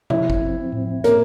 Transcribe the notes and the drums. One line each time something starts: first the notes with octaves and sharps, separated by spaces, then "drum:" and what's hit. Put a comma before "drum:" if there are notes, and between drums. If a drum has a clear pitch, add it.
F3 E4, drum: tom B2
drum: kick
C4
A2
A2 A#3, drum: hi-hat